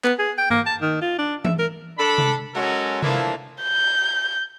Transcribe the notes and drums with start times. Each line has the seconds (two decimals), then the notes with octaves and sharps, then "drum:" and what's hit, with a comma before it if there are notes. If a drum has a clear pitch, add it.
0.04 B3, drum: clap
0.19 G#4
0.38 G5
0.50 A#3, drum: tom G2
0.66 A5
0.81 D#3
1.02 F4
1.18 D4
1.45 E5, drum: tom E3
1.59 A#4
1.98 D4 A4 B5
2.18 drum: tom C3
2.55 F#3 G#3 C#4 F#4 A4 A#4
3.02 E3 F3 A3 A#3 D4 E4, drum: tom C3
3.63 G6